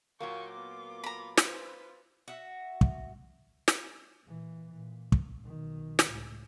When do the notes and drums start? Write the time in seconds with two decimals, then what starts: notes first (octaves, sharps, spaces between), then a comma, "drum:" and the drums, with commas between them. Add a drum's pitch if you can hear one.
0.20 A#2 F#3 A#3 G5 G#5 C#6
0.51 B3 F4 D6
1.04 A#5 B5
1.38 F4 B4 C5, drum: snare
2.28 F#4 E5
2.81 drum: kick
3.68 drum: snare
4.26 A#2 E3
4.74 A#2
5.12 drum: kick
5.42 B1 D#3
5.99 drum: snare
6.09 C#2 A2